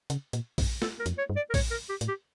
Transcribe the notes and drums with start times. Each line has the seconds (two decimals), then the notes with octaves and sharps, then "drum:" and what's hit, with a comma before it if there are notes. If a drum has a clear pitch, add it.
0.10 C#3, drum: hi-hat
0.33 A#2, drum: hi-hat
0.58 G2, drum: kick A#1, open hi-hat
0.82 A4, drum: snare
0.99 A#4
1.06 F2, drum: hi-hat
1.18 C#5
1.30 G2
1.36 D5
1.50 A#4
1.54 A2 C#5, drum: kick A#1, open hi-hat
1.71 A#4
1.89 G4
2.01 A2, drum: hi-hat
2.08 G4